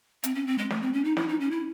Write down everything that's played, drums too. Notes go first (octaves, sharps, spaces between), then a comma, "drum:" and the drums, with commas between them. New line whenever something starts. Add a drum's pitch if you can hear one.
C4, drum: hi-hat
C#4
C4
G#3
A3, drum: snare
C4
C#4
D#4
E4, drum: snare
D#4
C#4
E4